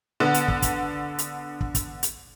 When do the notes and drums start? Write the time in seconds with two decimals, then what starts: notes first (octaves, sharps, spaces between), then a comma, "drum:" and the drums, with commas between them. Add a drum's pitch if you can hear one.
0.20 D3 B3
0.34 drum: hi-hat
0.48 drum: kick
0.62 drum: kick, hi-hat
1.19 drum: hi-hat
1.61 drum: kick
1.75 drum: kick, hi-hat
2.03 drum: hi-hat